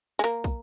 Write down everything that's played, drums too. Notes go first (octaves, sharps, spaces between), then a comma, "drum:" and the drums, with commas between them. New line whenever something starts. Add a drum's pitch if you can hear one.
G#3
A#3, drum: snare
drum: kick, tambourine